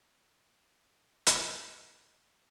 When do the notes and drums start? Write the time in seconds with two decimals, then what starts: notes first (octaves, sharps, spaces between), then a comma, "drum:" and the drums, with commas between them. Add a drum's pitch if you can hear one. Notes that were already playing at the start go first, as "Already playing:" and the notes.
0.24 D4 D#4 C#6
1.27 drum: hi-hat